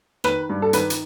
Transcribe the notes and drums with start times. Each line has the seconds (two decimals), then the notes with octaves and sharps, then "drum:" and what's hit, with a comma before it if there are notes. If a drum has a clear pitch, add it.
0.24 D#3 B4, drum: rim click
0.49 G2
0.62 A4
0.73 D#3 B4, drum: hi-hat
0.90 drum: hi-hat